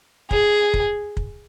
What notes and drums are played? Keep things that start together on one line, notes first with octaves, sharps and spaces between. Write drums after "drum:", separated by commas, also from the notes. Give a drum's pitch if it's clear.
G#4, drum: kick
drum: kick
drum: kick